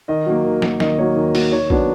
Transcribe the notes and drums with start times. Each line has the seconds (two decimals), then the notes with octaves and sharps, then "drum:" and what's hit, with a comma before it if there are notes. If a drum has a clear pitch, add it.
0.08 D#3 D#5
0.26 F#3 A#3
0.44 D#3
0.62 F#3 A#3, drum: snare
0.80 D#3 D#5, drum: snare
0.99 F#3 A#3 C#5
1.16 D#3
1.35 F#3 A#3, drum: open hi-hat
1.52 D#3 C#5
1.70 F#3 B3 D4, drum: kick